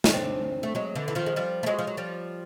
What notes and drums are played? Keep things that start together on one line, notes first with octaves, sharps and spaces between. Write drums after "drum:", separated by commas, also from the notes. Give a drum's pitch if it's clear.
C#4, drum: snare
C4 D4
A3
F#3 G#3
D3 E3
E3
D#3 F3
G#3
F3 G3
A3
F#3 G#3
F3
F#3
F3 G3